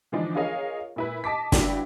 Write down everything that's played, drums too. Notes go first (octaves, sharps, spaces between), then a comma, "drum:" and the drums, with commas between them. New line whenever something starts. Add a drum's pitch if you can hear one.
D3 E3 F3 D4 D#4
F4 G#4 A#4 C#5 D#5 F5
A#2 E4 B4
D#5 A5 D6 B6
G1 E4 F#4 D5 G5, drum: snare